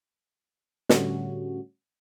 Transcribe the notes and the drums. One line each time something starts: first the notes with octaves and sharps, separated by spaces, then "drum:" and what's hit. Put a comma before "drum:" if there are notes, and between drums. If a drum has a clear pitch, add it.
A2 D3 G3 A3 C#4 F#4, drum: snare